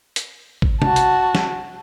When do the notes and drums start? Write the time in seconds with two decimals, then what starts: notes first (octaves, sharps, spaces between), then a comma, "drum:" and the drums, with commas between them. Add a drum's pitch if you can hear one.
0.16 drum: hi-hat
0.62 drum: kick G#1
0.82 F#4 A5, drum: tom C3
0.96 drum: hi-hat
1.35 drum: snare